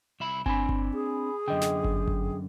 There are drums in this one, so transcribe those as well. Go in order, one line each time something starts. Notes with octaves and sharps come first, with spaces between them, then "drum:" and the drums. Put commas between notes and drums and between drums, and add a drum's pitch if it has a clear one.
C2 E5 B5
C4 D4 G#5 B5, drum: kick G1
drum: kick G1
G#4
F#2 D3 D#5 G5
drum: snare
drum: kick G1
drum: kick G1